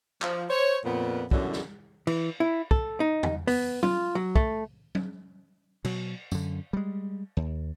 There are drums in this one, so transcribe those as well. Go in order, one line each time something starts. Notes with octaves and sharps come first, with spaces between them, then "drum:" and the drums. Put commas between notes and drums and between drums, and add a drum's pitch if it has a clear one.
F3, drum: clap
C5 C#5
F2 A#2 B3
F#2 B2 D3 E3 F#3 G3, drum: kick
drum: snare
E3, drum: cymbal
E4
A4, drum: kick
D#4
drum: tom E2
B3, drum: open hi-hat
F4, drum: tom F#3
F#3
A3, drum: kick
drum: tom F#3
B2 F#3, drum: cymbal
F#2 D3, drum: tambourine
G3 G#3
D#2